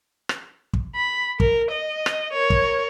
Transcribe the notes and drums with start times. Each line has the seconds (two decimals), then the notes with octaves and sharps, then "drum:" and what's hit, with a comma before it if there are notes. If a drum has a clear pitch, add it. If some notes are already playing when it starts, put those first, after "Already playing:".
0.29 drum: rim click
0.73 drum: kick
0.96 B5
1.40 A#4, drum: kick
1.72 D#5
2.06 drum: rim click
2.33 A#4 C#5
2.50 drum: kick